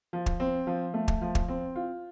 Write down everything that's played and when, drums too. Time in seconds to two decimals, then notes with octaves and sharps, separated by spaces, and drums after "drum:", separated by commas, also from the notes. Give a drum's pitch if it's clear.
0.13 F3
0.26 drum: kick
0.40 C4
0.67 F3
0.94 A3
1.08 drum: kick
1.22 F3
1.35 drum: kick
1.48 C4
1.76 F4